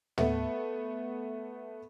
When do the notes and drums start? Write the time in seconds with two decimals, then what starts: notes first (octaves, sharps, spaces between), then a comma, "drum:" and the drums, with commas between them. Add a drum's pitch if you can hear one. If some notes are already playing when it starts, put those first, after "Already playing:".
0.18 A3 B3, drum: tom